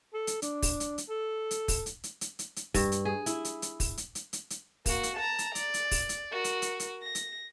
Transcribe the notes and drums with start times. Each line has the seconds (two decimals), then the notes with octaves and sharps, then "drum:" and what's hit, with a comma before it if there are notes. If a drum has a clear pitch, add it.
0.14 A4
0.27 drum: hi-hat
0.42 D4, drum: hi-hat
0.62 drum: kick, open hi-hat
0.80 drum: hi-hat
0.98 drum: hi-hat
1.09 A4
1.51 drum: hi-hat
1.68 drum: kick, open hi-hat
1.86 drum: hi-hat
2.04 drum: hi-hat
2.21 drum: hi-hat
2.39 drum: hi-hat
2.56 drum: hi-hat
2.74 G2, drum: kick, open hi-hat
2.92 drum: hi-hat
3.05 G#4
3.26 E4, drum: hi-hat
3.45 drum: hi-hat
3.62 drum: hi-hat
3.80 drum: kick, open hi-hat
3.97 drum: hi-hat
4.15 drum: hi-hat
4.33 drum: hi-hat
4.50 drum: hi-hat
4.86 A#3 F#4, drum: kick, open hi-hat
5.03 drum: hi-hat
5.17 A5 A#5
5.39 drum: hi-hat
5.55 D5, drum: hi-hat
5.74 drum: hi-hat
5.91 drum: kick, open hi-hat
6.09 drum: hi-hat
6.32 F#4 A#4
6.44 drum: hi-hat
6.62 drum: hi-hat
6.80 drum: hi-hat
7.03 A#6
7.15 drum: hi-hat